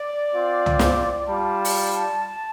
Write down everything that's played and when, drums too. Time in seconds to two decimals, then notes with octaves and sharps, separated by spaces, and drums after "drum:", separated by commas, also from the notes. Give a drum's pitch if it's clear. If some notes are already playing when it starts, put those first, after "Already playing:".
Already playing: D5
0.33 C4 F4
0.66 drum: tom
0.79 drum: snare
1.28 G3 F4 A5
1.65 drum: open hi-hat